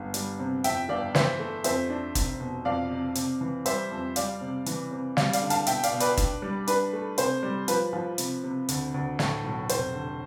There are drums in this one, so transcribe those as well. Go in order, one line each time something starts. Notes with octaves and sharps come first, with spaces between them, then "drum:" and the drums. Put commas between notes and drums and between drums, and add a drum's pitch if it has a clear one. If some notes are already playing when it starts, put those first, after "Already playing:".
Already playing: G1
G3, drum: hi-hat
C3
F2 E5 G5, drum: hi-hat
G1 D5 F5
E3 C5 E5, drum: snare
A3
F2 C5 E5, drum: hi-hat
D4
F1, drum: kick, hi-hat
B2
F2 D5 F5
C3
C3, drum: hi-hat
E3
G3 C5 E5, drum: hi-hat
F2
G3 D5 F5, drum: hi-hat
C3
E3, drum: hi-hat
C3
G3 D5 F5, drum: snare
D5 F5, drum: hi-hat
D3
F5 A5, drum: hi-hat
B2 E5 G5, drum: hi-hat
D5 F5, drum: hi-hat
B2
B4 D5, drum: hi-hat
D4, drum: kick, hi-hat
G3
D4 B4, drum: hi-hat
A3
C3 C5, drum: hi-hat
G3
F3 B4, drum: hi-hat
F3
C3, drum: hi-hat
C3
D2, drum: hi-hat
D2
A2, drum: snare
B1
F1 C5, drum: hi-hat
D3